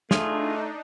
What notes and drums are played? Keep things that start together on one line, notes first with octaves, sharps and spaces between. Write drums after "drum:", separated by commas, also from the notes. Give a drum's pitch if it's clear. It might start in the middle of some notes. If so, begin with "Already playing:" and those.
A3 D4 D#4 F4 G#4, drum: snare